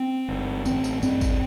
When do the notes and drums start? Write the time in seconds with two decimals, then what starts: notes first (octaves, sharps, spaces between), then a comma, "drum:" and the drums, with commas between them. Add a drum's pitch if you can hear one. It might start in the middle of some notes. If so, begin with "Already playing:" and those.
Already playing: C4
0.28 G1
0.65 A1 C4, drum: tambourine
0.84 drum: tambourine
1.03 G2 C4, drum: tambourine
1.21 drum: kick G#1, tambourine